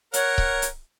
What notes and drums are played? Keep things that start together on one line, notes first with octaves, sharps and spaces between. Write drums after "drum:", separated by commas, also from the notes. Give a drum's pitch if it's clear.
A#4 C#5 F#5, drum: hi-hat
drum: kick C#1
drum: hi-hat